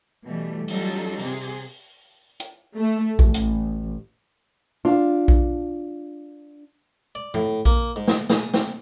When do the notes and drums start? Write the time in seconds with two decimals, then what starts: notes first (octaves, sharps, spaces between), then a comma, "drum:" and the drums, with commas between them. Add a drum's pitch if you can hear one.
0.23 B2 E3 G3 A3
0.68 F#3 G3 C#4 D#4 F4 A4, drum: open hi-hat
1.19 C3 G#4, drum: open hi-hat
2.40 drum: hi-hat
2.78 A3
3.19 A1, drum: kick A#1
3.34 drum: hi-hat
4.85 D4 F4
5.28 drum: kick A#1
7.15 D5
7.34 A2, drum: tom G2
7.65 A#3, drum: kick A#1
7.96 G#2
8.08 drum: snare
8.30 G#4, drum: snare
8.54 C4, drum: snare